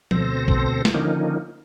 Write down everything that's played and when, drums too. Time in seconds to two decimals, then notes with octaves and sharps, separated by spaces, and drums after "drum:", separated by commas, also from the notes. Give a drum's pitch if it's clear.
0.11 D2 B2 C4 A4 C5 A#6, drum: tom
0.48 drum: kick A#1
0.85 drum: snare
0.94 D3 D#3 F3 A#3 C#4 D#4